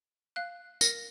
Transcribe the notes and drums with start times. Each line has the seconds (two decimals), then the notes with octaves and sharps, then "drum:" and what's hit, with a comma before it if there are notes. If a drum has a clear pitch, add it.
0.36 F5 F#6
0.81 A#4 A#6, drum: tambourine